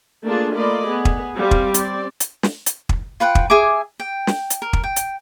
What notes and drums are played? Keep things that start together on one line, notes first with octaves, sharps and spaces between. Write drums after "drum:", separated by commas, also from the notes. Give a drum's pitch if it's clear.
A3 A#3 D4 F4 G#4
A3 A#3 F4 D5 D#5 B5
B3 G#4
drum: kick
G3 C4 F5
drum: kick
C4 D5, drum: hi-hat
drum: hi-hat
drum: snare
drum: hi-hat
drum: kick
F4 B4 F#5 G5
drum: kick
G#4 E5 G#5 D6
G5
drum: snare
drum: hi-hat
A#4
drum: kick
G5
drum: hi-hat